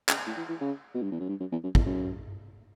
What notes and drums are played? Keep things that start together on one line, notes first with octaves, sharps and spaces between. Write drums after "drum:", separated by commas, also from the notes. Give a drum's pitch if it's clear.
C#3, drum: clap
A2
E3
E3
C#3
B2
G2
E2
F#2
G2
F#2
E2
F#2
E2, drum: kick
F#2